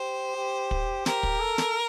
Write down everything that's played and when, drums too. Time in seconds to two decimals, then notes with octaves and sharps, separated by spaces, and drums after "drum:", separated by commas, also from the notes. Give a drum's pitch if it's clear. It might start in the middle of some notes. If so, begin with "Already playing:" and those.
Already playing: G4 C5
0.36 G4
0.71 drum: kick
1.06 G4 A#4, drum: snare
1.23 drum: kick
1.40 A4
1.58 drum: snare